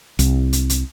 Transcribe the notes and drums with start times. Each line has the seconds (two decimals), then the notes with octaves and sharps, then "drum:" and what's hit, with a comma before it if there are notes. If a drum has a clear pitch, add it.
0.19 C2, drum: hi-hat
0.53 drum: hi-hat
0.70 drum: hi-hat